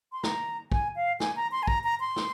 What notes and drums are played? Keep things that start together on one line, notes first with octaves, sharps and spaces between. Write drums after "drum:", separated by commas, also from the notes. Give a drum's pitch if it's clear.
C6
A#5, drum: snare
G#5, drum: kick
F5
G#5, drum: snare
A#5
C6
G#5
A#5, drum: kick
A#5
C6
drum: snare